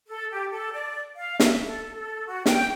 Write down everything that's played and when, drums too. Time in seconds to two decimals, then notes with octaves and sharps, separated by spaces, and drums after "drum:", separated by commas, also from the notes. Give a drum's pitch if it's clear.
0.07 A4
0.31 G4
0.51 A4
0.72 D5
1.17 F5
1.40 E5, drum: snare
1.64 A4
1.94 A4
2.28 F#4
2.46 G5, drum: snare